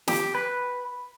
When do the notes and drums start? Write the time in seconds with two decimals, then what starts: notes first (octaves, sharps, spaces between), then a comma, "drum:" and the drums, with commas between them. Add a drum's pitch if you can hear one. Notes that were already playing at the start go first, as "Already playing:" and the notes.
0.08 G4, drum: snare
0.35 B4